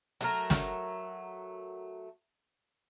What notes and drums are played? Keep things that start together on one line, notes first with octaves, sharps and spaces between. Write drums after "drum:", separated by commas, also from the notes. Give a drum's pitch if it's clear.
F#3 A3 A#4, drum: hi-hat
drum: snare